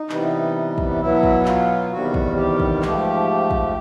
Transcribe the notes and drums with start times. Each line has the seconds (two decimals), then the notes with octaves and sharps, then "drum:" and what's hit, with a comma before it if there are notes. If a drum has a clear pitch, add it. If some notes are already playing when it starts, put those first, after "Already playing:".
Already playing: D#4
0.09 C3 E3 G3 B3, drum: clap
0.78 drum: kick
1.00 B2 F#3 B3 E4
1.23 drum: kick
1.45 F4, drum: clap
1.92 E2 C3 D#3 G3 B3 F#4
2.14 drum: kick
2.36 G4
2.60 drum: kick
2.82 G#2 F3 A3 G4, drum: clap
3.51 drum: kick